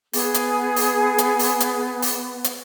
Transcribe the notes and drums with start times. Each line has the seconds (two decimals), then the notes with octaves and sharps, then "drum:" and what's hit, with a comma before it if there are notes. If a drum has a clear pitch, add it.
0.13 B3 G#4, drum: open hi-hat
0.34 drum: hi-hat
0.76 drum: open hi-hat
1.18 drum: hi-hat
1.39 drum: open hi-hat
1.60 drum: hi-hat
2.02 drum: open hi-hat
2.44 drum: hi-hat